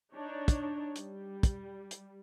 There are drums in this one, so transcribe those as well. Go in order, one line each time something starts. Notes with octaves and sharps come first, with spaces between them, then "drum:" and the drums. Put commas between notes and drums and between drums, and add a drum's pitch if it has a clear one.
D4 D#4 C#5
drum: kick, hi-hat
G3, drum: hi-hat
drum: kick, hi-hat
drum: hi-hat